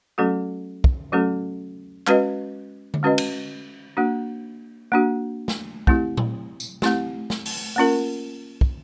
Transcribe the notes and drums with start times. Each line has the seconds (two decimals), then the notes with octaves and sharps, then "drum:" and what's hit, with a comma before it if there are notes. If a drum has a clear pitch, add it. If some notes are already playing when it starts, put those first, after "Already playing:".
0.18 F#3 A3 C#4 F#4 A4
0.84 drum: kick
1.12 F#3 A3 C#4 F#4 A4
2.07 G#3 C#4 F#4 B4 D#5, drum: clap
2.94 drum: tom D3
3.03 G#3 C#4 F#4 B4 D#5
3.18 drum: cymbal
3.97 A#3 D4 F#4
4.92 A#3 D4 F#4
5.48 drum: snare
5.87 A3 C4 E4 G4, drum: kick
6.17 drum: tom A#2
6.60 drum: tambourine
6.82 A3 C4 E4 G4, drum: snare
7.30 drum: snare
7.46 drum: open hi-hat
7.76 A#3 C#4 F4 A#4
8.61 drum: kick